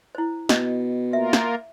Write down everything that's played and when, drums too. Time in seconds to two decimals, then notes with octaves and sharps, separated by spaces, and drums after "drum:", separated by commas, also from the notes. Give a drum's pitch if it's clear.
0.15 E4 C5
0.49 B2 D#5, drum: snare
1.13 A#3 F4 A#4 E5
1.33 drum: snare